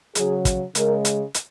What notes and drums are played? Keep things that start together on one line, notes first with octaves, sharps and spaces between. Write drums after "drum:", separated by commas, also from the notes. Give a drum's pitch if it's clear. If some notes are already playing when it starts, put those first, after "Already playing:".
C#3 F#3 G#4, drum: hi-hat
drum: kick, hi-hat
C#3 G#3 A#4, drum: hi-hat
drum: hi-hat
drum: hi-hat